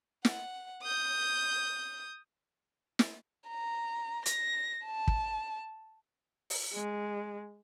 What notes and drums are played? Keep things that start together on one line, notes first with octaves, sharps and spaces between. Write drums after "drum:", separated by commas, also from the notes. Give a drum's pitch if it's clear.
F#5, drum: snare
D#6 G6
drum: snare
A#5
A#6, drum: hi-hat
A5
drum: kick
drum: open hi-hat
G#3